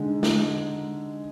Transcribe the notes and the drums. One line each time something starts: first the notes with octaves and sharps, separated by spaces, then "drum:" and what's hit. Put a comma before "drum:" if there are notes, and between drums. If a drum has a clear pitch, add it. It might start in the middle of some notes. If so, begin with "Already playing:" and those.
Already playing: D3 G#3 D#4
drum: snare